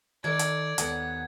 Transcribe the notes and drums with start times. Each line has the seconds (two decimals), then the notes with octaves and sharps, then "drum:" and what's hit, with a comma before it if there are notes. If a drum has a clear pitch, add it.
0.24 D#3 A4 D5 G#6
0.39 drum: hi-hat
0.78 D#2 B3 F#5, drum: hi-hat